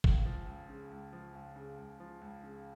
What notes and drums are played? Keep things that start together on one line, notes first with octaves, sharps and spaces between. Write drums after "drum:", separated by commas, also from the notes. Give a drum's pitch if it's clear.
C#2, drum: kick
F3
C#2
C#3
C#2
F3
C#2
C#3
C#2
F3
C#2
C#3